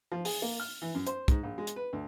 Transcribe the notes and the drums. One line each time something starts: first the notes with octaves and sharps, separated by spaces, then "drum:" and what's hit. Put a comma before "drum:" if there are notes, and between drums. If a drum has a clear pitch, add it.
F3
G#4, drum: open hi-hat
A#3
F6
E3
F#2
C5, drum: hi-hat
G#2, drum: kick, hi-hat
A#1
G#3
drum: hi-hat
B4
D2